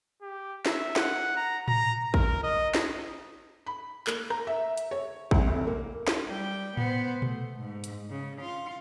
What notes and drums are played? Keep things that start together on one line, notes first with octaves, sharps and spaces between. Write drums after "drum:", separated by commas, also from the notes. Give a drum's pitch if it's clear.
G4
E5, drum: snare
F#5, drum: snare
A#5
A#5, drum: tom A2
A#4, drum: kick
D#5
drum: snare
B5
A#3, drum: clap
A#5, drum: rim click
E5
drum: hi-hat
C#5
C2, drum: kick
F1
A#3
drum: snare
G3 G5
B3 C5, drum: tom A2
A3, drum: tom A#2
G#2
drum: hi-hat
C#3
F4